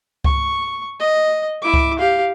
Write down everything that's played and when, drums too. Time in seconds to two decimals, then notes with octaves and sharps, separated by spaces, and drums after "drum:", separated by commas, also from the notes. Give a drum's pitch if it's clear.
0.24 C#6, drum: kick C#2
0.99 D#5
1.62 E4 D6
1.74 drum: kick C#2
1.98 G4 F5